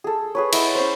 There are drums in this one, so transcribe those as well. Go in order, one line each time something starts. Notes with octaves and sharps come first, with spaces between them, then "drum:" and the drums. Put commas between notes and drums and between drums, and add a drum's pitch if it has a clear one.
G#4 A4
G#4 B4 C#5
E4 D#5 F#5 E6, drum: cymbal
C#4 C5